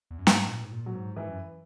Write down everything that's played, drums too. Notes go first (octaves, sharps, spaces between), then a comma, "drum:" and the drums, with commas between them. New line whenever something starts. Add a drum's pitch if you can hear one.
E2
F#2
G#2, drum: snare
A#2
G#2
A#2
F#3
G#2
G#2 E3
F#2